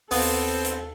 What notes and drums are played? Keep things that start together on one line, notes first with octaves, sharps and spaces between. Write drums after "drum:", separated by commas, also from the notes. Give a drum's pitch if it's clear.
D#2 B3 C4 A4 F5 F#5, drum: open hi-hat
drum: hi-hat